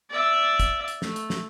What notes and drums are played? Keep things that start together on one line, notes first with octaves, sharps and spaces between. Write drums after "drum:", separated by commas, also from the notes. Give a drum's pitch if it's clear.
D5 E5
drum: kick, hi-hat
drum: hi-hat
A3, drum: snare
drum: hi-hat
drum: snare